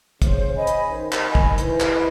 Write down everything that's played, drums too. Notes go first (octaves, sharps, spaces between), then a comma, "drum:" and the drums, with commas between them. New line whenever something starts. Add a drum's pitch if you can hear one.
C#3 C5, drum: kick, hi-hat
D#5 G#5 B5
drum: hi-hat
D#3 C5
drum: clap
D#5 G#5 B5
drum: kick
E3 C5, drum: hi-hat
drum: clap
D#5 G#5 B5